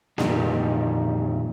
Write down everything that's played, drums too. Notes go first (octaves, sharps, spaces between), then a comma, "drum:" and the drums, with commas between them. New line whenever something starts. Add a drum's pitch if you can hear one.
F2 A#2 D#3 G3, drum: snare A#3